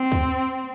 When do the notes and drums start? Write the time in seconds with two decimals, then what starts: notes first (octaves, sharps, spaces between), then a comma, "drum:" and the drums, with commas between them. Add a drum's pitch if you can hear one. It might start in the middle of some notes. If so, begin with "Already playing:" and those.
Already playing: C4
0.12 drum: kick C#2